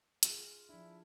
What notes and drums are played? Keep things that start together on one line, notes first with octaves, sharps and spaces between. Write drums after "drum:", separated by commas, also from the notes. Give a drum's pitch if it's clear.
F4 G#4, drum: hi-hat
F3 D4 E4